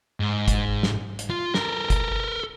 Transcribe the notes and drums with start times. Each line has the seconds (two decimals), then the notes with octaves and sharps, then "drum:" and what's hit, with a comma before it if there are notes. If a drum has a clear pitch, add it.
0.20 G#2
0.48 drum: kick G1, hi-hat
0.83 drum: snare
1.19 drum: hi-hat
1.30 F4
1.55 A4 A#4, drum: snare
1.90 drum: kick G1, hi-hat